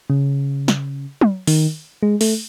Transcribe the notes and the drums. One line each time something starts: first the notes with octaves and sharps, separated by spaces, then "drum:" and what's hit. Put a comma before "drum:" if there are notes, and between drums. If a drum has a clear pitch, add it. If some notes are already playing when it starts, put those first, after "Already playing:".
C#3
drum: snare
drum: tom F#3
D#3, drum: open hi-hat
G#3
A3, drum: open hi-hat